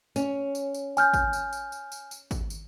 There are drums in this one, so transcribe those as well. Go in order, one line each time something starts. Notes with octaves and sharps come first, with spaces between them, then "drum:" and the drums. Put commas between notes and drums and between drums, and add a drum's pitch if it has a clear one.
C#4, drum: tambourine
drum: tambourine
drum: tambourine
G#5 F6 G6, drum: tambourine
drum: kick G#1, tambourine
drum: tambourine
drum: tambourine
drum: tambourine
drum: tambourine
drum: tambourine
drum: kick G#1, tambourine
drum: tambourine